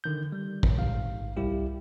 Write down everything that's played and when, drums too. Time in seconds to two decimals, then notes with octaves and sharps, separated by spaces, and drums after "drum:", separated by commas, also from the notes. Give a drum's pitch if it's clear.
0.04 D3 D#3 G6
0.32 G3
0.63 drum: kick
0.78 A1 G#2 F5
1.37 C2 G3 E4 G4